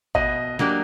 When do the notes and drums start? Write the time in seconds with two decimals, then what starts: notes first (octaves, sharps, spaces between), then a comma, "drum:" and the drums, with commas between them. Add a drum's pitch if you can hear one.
0.15 B2 D#5, drum: kick G#1
0.59 F#3 A#3 D4 G4, drum: snare